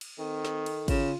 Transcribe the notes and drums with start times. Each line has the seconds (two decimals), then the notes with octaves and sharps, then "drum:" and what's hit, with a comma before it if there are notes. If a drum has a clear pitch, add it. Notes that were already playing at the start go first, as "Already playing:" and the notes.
0.01 drum: cymbal
0.19 D#3 C4 A4
0.45 drum: snare
0.66 drum: cymbal
0.88 C#3 F4, drum: kick, cymbal